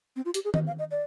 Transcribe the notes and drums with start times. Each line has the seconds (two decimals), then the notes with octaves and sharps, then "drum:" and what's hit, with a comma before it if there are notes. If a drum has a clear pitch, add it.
0.16 C4
0.25 F4
0.34 G4, drum: hi-hat
0.45 G#4
0.54 D#5, drum: tom D#3
0.67 F5
0.79 D#5
0.91 D5